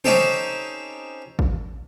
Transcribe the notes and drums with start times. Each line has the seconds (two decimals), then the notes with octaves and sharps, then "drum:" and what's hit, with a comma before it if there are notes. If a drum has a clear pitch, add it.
0.04 C4 C#4 D#4 G4 A4 C5, drum: tom
1.39 drum: kick